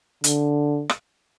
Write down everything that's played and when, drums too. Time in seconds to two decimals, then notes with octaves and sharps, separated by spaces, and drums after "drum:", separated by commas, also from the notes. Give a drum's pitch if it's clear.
0.24 D3, drum: hi-hat
0.89 drum: rim click